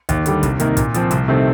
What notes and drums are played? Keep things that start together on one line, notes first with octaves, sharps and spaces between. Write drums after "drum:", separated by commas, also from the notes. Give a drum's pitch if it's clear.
D#2, drum: kick, hi-hat
D3 G3, drum: hi-hat
C2, drum: kick, hi-hat
C3 D#3 A#3, drum: hi-hat
A#2, drum: kick, hi-hat
F3 C4, drum: hi-hat
C2, drum: hi-hat
C3 D#3 A3 C4